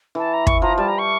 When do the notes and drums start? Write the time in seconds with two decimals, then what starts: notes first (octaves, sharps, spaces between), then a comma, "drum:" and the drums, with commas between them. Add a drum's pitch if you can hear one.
0.15 E3 A5
0.34 A#5
0.47 C#6, drum: kick
0.62 F3 A#5
0.78 G3 A5
0.88 A#5
0.98 C#6